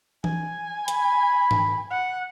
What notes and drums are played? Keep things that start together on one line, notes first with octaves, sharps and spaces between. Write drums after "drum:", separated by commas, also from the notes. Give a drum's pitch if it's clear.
G#5, drum: tom E3
B5, drum: hi-hat
drum: tom G#2
F#5